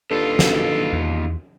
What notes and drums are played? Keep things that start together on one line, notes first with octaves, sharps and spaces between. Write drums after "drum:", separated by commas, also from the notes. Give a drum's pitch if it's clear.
D#2 D4 F4 G4 A4 B4
drum: snare
E2